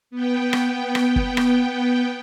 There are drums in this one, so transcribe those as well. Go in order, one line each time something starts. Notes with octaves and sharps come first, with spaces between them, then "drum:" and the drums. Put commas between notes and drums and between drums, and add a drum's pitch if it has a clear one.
B3 G5
drum: rim click
drum: rim click
drum: kick
drum: rim click